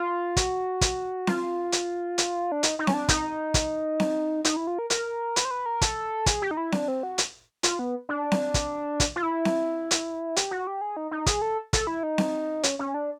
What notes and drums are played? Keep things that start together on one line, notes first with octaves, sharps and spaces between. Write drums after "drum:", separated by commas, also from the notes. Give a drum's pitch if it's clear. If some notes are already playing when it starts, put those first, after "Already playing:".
Already playing: F4
F#4, drum: kick, hi-hat
drum: kick, hi-hat
F4, drum: snare C4
drum: hi-hat
drum: hi-hat
D4
D#4, drum: hi-hat
D#4
C#4, drum: snare C4
D4
D#4, drum: kick, hi-hat
drum: kick, hi-hat
drum: snare C4
D#4, drum: hi-hat
E4
F4
A#4
A#4, drum: hi-hat
B4, drum: hi-hat
C5
B4
A#4
A4, drum: kick, hi-hat
G#4, drum: kick, hi-hat
G4
D#4
E4
D4, drum: snare C4
C4
F#4
drum: hi-hat
F4, drum: hi-hat
B3
D4
drum: snare C4
drum: kick, hi-hat
drum: kick, hi-hat
F4
E4
drum: snare C4
drum: hi-hat
G4, drum: hi-hat
F#4
G4
G#4
D#4
D#4
G#4, drum: kick, hi-hat
A4
A4, drum: kick, hi-hat
E4
D#4
drum: snare C4
C#4, drum: hi-hat
C#4
D4